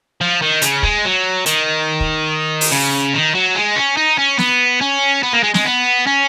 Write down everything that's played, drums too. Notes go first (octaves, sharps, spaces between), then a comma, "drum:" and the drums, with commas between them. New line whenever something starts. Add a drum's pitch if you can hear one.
F3
D#3
C#3, drum: hi-hat
G#3, drum: kick
F#3
D#3, drum: hi-hat
drum: kick
drum: open hi-hat
C#3
D#3
F#3
G#3
C#4
D#4
C#4
B3, drum: snare
C#4
B3
A#3
G#3
G#3, drum: snare
B3
C#4